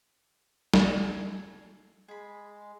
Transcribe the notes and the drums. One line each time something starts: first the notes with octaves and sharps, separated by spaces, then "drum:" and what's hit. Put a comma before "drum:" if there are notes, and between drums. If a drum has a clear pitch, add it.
drum: snare
G#4 A4 G#5
G#3 G#4 B5